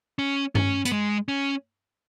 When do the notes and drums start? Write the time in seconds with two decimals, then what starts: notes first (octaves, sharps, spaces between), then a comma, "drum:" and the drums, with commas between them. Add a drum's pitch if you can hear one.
0.19 C#4
0.55 C#4, drum: tom G2
0.85 B3, drum: hi-hat
0.91 G#3
1.28 C#4